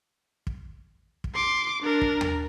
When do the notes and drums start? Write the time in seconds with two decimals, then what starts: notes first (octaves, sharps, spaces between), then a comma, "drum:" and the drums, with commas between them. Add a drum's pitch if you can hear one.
0.47 drum: kick
1.24 drum: kick
1.35 C6 D6
1.82 D4 A#4
2.01 drum: kick
2.21 drum: tom D#2